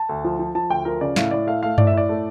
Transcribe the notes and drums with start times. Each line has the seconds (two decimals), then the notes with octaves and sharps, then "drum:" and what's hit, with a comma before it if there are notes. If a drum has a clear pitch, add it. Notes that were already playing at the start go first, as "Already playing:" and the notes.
Already playing: A5
0.09 D2
0.24 F3
0.39 F3
0.55 F3 A5
0.70 D2 G5
0.85 F3 A#4
1.01 C#3 D5
1.16 A2 F5, drum: snare
1.31 A2 D5
1.47 A3 F5
1.63 A3 F5
1.78 A2 D5, drum: tom G2
1.87 E5
1.93 A2 D5
2.09 A3